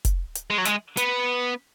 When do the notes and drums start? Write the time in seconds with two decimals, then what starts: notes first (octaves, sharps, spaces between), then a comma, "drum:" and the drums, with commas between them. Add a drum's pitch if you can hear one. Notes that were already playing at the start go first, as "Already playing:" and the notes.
0.05 drum: kick F1, hi-hat
0.35 drum: hi-hat
0.50 G#3
0.58 F#3
0.65 G#3, drum: hi-hat
0.97 B3, drum: hi-hat